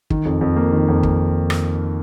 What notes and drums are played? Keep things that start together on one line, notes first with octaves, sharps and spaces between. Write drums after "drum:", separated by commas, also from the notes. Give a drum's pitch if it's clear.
D#3, drum: kick
F2
F2
A#3
D#3
F2
drum: kick
drum: rim click